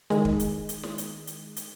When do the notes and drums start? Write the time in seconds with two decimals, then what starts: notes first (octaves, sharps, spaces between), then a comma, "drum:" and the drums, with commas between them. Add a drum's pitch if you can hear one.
0.10 D#3 G#3, drum: snare
0.25 drum: kick
0.40 drum: hi-hat
0.69 drum: hi-hat
0.83 drum: snare
0.98 drum: hi-hat
1.27 drum: hi-hat
1.57 drum: hi-hat